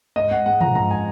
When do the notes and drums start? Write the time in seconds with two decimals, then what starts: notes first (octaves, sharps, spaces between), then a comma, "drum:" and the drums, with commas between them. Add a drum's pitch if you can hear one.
0.16 G#2 D#5
0.31 G#2 F#5
0.46 G#3 F#5
0.60 F3 A#5, drum: tom
0.75 G#2 A#5
0.91 G#5